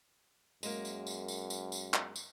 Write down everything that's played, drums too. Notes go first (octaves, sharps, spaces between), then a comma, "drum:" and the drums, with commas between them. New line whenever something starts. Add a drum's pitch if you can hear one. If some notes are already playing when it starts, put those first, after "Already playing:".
F#2 G#3 A#3, drum: tambourine
drum: tambourine
drum: tambourine
drum: tambourine
drum: tambourine
drum: tambourine
drum: clap
drum: tambourine